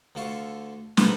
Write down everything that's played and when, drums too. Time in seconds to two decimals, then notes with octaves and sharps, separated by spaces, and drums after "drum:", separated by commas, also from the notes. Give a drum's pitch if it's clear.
0.15 D2 D3 F4 A4 F5 C#6
0.97 A#1 B2 F3 A4 A#5 B5, drum: snare